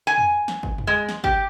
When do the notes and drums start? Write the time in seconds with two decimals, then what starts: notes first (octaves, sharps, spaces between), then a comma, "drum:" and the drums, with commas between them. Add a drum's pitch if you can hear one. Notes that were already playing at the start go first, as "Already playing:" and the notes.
0.07 G#5
0.18 drum: tom
0.48 drum: snare
0.63 drum: kick G#1
0.78 drum: tom
0.87 G#3
1.09 drum: snare
1.24 G4, drum: kick G#1